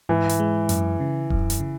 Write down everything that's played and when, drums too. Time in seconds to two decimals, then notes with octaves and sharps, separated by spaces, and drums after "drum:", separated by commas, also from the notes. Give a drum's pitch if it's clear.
0.09 G#2 E3
0.29 drum: hi-hat
0.40 G#3
0.69 F#2, drum: hi-hat
1.00 C#3
1.30 F#2, drum: kick D#1
1.50 drum: hi-hat
1.60 C#3